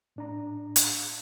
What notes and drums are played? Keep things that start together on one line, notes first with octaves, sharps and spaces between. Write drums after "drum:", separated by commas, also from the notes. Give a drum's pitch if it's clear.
A2 D4 A#5
drum: hi-hat